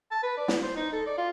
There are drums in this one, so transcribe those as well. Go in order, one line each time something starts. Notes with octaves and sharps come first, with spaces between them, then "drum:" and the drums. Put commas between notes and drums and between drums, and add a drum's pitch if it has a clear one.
A5
B4
D5
drum: snare
C5
D#4
A4
D5
F4